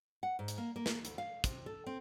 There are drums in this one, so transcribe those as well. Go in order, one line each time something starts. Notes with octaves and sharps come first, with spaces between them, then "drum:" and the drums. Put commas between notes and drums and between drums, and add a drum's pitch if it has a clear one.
F#5
G#2
drum: hi-hat
A#3
A#3
drum: snare
D2, drum: hi-hat
F5
C3, drum: kick, hi-hat
A4
C4